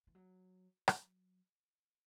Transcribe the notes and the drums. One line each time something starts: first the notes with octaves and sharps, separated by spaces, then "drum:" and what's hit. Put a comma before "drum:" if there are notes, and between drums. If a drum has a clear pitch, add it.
E3
F#3
F#3, drum: rim click